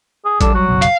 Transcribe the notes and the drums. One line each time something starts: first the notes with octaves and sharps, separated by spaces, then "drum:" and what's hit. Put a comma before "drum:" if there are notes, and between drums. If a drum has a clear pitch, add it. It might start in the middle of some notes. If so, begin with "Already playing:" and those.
G#4
G3 D4 A4, drum: kick A1, hi-hat
F#3 F#4
F#1 B1
F5, drum: hi-hat